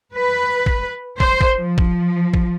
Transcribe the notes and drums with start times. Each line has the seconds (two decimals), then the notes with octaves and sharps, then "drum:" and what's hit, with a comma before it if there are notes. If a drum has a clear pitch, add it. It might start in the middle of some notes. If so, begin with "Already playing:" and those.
0.17 B4
0.66 drum: kick
1.20 C5, drum: kick
1.41 drum: kick
1.59 F3
1.78 drum: kick
2.34 drum: kick